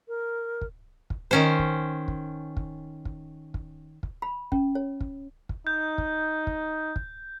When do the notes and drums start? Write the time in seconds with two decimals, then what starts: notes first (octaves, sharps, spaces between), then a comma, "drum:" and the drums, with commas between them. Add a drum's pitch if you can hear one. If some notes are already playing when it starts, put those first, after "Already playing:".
0.08 A#4
0.61 drum: kick
1.10 drum: kick
1.31 D#3 C#4 C5
1.59 drum: kick
2.08 drum: kick
2.57 drum: kick
3.05 drum: kick
3.54 drum: kick
4.03 drum: kick
4.22 B5
4.52 C#4, drum: kick
4.75 C#5
5.01 drum: kick
5.49 drum: kick
5.67 D#4 G6
5.98 drum: kick
6.47 drum: kick
6.96 drum: kick